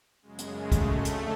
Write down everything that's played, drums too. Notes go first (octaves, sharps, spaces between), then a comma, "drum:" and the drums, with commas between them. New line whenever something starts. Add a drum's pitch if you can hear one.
F#2 C#3 G#3
drum: hi-hat
A3
drum: kick, hi-hat
F2 D3
drum: hi-hat